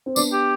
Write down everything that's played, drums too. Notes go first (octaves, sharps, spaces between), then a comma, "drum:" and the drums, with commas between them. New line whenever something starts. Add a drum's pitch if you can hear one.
C4
B3 D4 D5, drum: tambourine
G4